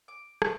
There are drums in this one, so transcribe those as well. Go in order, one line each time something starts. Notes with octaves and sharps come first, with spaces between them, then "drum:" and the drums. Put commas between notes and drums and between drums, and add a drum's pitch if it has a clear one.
D6
G4 C#6, drum: rim click